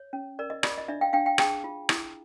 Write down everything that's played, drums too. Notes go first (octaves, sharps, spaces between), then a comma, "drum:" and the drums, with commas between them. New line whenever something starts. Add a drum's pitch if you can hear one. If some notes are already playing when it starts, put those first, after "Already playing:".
Already playing: C#5
C#4
A#4 D5
D#5
F4 D5, drum: rim click
D#5
D4 D5 E5
F5 G5
D4 F5 G5
F5 G5
G#4 G5 A5, drum: rim click
F4
E4, drum: rim click